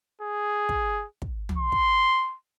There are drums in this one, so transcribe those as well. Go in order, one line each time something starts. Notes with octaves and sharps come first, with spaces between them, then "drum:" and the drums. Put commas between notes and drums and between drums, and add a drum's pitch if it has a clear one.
G#4
drum: kick
drum: kick
drum: tom
C6
drum: kick